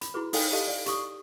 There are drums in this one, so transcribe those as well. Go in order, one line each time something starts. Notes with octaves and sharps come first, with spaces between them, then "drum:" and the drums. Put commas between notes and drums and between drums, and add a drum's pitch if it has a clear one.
B5, drum: hi-hat
E4 F#4 G#4 B4
D#4 A4 F5 G5 G#5, drum: open hi-hat
G4 A4 D#5 F5 A5
D5 F5
G4 C#6 D#6, drum: hi-hat